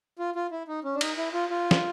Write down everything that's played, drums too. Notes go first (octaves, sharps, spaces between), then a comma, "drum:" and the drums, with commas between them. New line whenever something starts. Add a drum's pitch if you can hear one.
F4
F4
E4
D#4
C#4
D4
D#4, drum: cymbal
E4
F4
F4
drum: snare